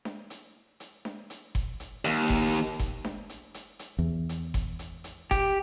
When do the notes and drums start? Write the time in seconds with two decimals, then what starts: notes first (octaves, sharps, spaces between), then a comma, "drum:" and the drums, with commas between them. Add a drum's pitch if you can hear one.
0.05 drum: snare D4
0.30 drum: hi-hat
0.80 drum: hi-hat
1.05 drum: snare D4
1.30 drum: hi-hat
1.55 drum: kick F#1, hi-hat
1.80 drum: hi-hat
2.05 D#2, drum: hi-hat
2.30 drum: kick F#1, hi-hat
2.55 drum: hi-hat
2.80 drum: kick F#1, hi-hat
3.04 drum: snare D4
3.29 drum: hi-hat
3.54 drum: hi-hat
3.79 drum: hi-hat
3.99 E2
4.29 drum: hi-hat
4.54 drum: kick F#1, hi-hat
4.79 drum: hi-hat
5.04 drum: hi-hat
5.31 G4, drum: kick F#1, hi-hat